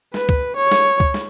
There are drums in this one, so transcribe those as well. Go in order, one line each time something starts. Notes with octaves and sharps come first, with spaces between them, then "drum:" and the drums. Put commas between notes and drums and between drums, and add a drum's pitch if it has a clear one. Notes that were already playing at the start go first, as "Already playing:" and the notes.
B4, drum: snare
drum: kick C#2
C#5
drum: snare
drum: kick C#2
drum: snare